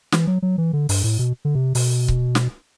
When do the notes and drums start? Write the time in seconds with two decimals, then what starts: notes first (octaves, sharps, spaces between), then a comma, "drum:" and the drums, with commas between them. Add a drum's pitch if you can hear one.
0.12 E3, drum: snare
0.27 F#3
0.42 F#3
0.58 E3
0.73 D3
0.89 G2, drum: open hi-hat
1.04 A2
1.19 B2
1.45 D3
1.55 C3
1.75 B2, drum: open hi-hat
2.08 drum: kick C#1
2.35 drum: snare